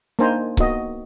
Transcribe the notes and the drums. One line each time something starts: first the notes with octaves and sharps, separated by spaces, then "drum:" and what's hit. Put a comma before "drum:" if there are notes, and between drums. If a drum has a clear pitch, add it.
A#3 D4 D#4 C5 G#5 A#5
A#3 B3 D#4 F#4 D#5, drum: kick C#1